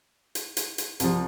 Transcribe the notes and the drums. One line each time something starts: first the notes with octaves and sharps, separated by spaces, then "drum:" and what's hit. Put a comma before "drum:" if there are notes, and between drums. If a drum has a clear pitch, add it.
drum: hi-hat
drum: hi-hat
drum: hi-hat
C2 C3 F3, drum: hi-hat